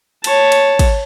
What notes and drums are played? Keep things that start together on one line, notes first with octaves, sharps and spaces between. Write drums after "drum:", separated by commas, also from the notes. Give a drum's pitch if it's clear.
C#5 A5, drum: cymbal
drum: cymbal
drum: kick, cymbal